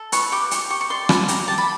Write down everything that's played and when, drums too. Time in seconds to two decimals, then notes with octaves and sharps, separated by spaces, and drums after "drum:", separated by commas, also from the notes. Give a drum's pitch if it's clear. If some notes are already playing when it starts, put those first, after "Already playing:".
Already playing: A4
0.12 B4 C#6, drum: hi-hat
0.32 G4 D6
0.51 G4 C#6, drum: hi-hat
0.70 G4 C#6
0.81 C#6
0.90 D5 C6
1.09 G4 B5, drum: rim click
1.28 G4 A#5, drum: hi-hat
1.48 G4 A5
1.58 B5